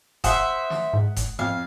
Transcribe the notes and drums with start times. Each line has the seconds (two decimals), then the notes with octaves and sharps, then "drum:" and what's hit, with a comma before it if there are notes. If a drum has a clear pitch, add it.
0.24 C5 E5 F#5 D#6, drum: kick F1, hi-hat
0.70 drum: snare
0.93 G#2
1.16 drum: kick F1, hi-hat
1.39 F2 F5